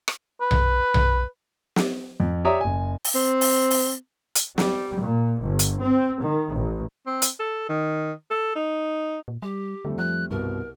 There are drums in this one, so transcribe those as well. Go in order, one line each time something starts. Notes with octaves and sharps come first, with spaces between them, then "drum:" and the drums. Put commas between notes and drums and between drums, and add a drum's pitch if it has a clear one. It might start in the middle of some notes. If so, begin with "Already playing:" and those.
drum: rim click
B4
drum: tom B1
drum: tom B1
drum: snare
F2
G4 C#5 D5 E5 A#5 D#6
F#1 G#5
drum: open hi-hat
C4
drum: open hi-hat
drum: open hi-hat
drum: hi-hat
G3, drum: snare
A#2
G1
drum: hi-hat
C4
D#3
A1
C4
drum: hi-hat
A4
D#3
A4
D#4
A#2
G3 G4
F2 D3 G3 A3
F3 F#6
C2 G2 B2 A#4